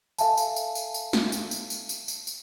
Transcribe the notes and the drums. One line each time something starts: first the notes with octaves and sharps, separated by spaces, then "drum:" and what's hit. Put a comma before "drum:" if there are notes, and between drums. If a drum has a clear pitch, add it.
A4 E5 F5 G#5 A5, drum: tambourine
drum: tambourine
drum: tambourine
drum: tambourine
drum: tambourine
drum: snare
drum: tambourine
drum: tambourine
drum: tambourine
drum: tambourine
drum: tambourine
drum: tambourine